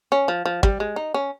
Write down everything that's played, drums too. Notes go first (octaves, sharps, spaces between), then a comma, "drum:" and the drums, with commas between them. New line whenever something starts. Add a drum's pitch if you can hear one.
C#4
F3
F3
G3, drum: kick
G#3
D#4
C#4